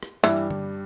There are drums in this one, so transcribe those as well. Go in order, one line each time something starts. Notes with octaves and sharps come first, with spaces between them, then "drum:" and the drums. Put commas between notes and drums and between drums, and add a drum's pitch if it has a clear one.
drum: rim click
G2 E3 G3 D4, drum: snare
drum: tom D3